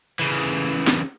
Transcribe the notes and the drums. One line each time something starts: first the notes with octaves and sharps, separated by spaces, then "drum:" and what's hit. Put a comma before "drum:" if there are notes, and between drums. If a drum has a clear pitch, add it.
C#3 E3, drum: open hi-hat
drum: snare